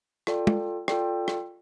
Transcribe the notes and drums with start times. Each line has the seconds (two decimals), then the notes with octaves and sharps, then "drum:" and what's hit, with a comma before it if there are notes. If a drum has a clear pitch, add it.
0.27 F4 A4 D5 G5, drum: rim click
0.47 drum: tom
0.88 F4 A4 D5 G5, drum: rim click
1.28 drum: rim click